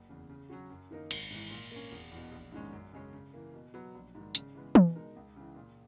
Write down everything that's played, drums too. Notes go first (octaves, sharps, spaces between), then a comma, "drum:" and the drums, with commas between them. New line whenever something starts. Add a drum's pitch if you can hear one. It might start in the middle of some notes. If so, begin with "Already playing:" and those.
Already playing: F#1
E2 C#3
C#3
F#3 C#4 F#4
F#2
D#3 A#3 D#4 A#4
G#1, drum: cymbal
G#2 E3
A#2
A#3 C#4
E1
E2 B2
A#1
G#2 D#3 G#3 C#4
F#2
C#3 G#3 C#4
C#3
E3 A#3
B2
F#3 B3
A#1
G#2 D#3
C#3, drum: hi-hat
E3 G#3 B3
B2, drum: tom
G#3 D#4 A#4
C#2
C#3 E3
A#2